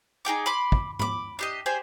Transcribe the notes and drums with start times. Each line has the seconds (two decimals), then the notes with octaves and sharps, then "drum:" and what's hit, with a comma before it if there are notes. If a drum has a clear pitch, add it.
0.25 D#4 G#4 G5 D6
0.46 B5 C6 D6
0.72 drum: kick
0.99 B5 D6, drum: tom G#2
1.39 D4 G4 D#5
1.66 G4 G#4 C5 D5